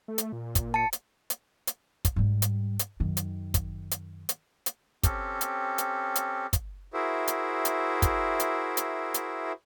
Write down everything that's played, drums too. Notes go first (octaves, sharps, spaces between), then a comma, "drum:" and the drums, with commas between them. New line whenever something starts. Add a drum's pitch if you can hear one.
A3
drum: hi-hat
A#2
drum: kick, hi-hat
A5 C#7
drum: hi-hat
drum: hi-hat
drum: hi-hat
drum: kick, hi-hat
G#2 G3
drum: hi-hat
drum: hi-hat
F#2 D#3
drum: hi-hat
drum: kick, hi-hat
drum: hi-hat
drum: hi-hat
drum: hi-hat
C4 C#4 G4 A4, drum: kick, hi-hat
drum: hi-hat
drum: hi-hat
drum: hi-hat
drum: kick, hi-hat
E4 F#4 G#4 A#4 C5 E5
drum: hi-hat
drum: hi-hat
drum: kick, hi-hat
drum: hi-hat
drum: hi-hat
drum: hi-hat